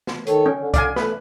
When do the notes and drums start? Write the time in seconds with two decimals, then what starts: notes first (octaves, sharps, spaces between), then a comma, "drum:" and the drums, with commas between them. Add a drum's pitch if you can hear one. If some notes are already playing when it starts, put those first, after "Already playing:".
0.07 drum: snare
0.27 D#3 A4 C#5, drum: hi-hat
0.46 C#4
0.60 D3
0.74 D3 D5 F5 G#5, drum: kick C2, hi-hat
0.96 A3 B4, drum: snare